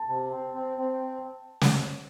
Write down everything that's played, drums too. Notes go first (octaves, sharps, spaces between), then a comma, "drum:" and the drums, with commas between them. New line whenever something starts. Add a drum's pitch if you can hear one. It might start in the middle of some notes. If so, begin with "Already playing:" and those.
Already playing: A5
C3
C4
C4
C4
drum: snare